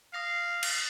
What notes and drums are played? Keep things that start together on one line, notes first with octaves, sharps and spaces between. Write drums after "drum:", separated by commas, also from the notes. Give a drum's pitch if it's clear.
F5 D#6 A#6 C7
drum: cymbal